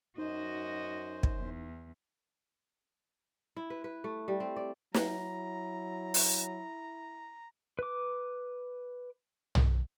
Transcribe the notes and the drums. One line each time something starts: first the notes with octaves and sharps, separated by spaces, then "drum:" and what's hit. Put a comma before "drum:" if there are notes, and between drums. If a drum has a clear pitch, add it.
F#2 D#4 F#4 C5 D#5
drum: kick
E2
E4
B4
B4
A3
G3
C4
D5
F#3 E4 A#5, drum: snare
drum: open hi-hat
B4 D6
drum: tom